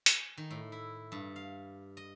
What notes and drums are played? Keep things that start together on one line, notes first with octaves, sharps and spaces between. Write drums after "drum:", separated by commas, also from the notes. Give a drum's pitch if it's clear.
G#5, drum: hi-hat
D#3
A2
E4
G2
F5
D#5